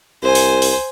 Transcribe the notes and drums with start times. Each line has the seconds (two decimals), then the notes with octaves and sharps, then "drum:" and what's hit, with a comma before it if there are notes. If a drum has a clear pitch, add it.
0.23 C2 C5 G#5
0.35 drum: open hi-hat
0.62 drum: open hi-hat